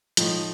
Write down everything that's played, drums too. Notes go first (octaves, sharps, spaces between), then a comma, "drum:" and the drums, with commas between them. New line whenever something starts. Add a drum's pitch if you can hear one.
A2 F3 D#4, drum: hi-hat